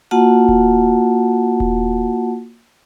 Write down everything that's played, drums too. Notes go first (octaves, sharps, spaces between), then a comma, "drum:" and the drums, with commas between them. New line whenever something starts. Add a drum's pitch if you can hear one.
A#3 F4 F#4 F#5 A5
drum: kick D#1
drum: kick D#1